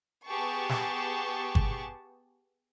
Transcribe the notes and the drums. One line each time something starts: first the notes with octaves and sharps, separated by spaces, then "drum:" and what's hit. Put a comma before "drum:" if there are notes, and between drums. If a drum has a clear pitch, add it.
B3 G4 G#4 A5 C#6
drum: snare
drum: kick G1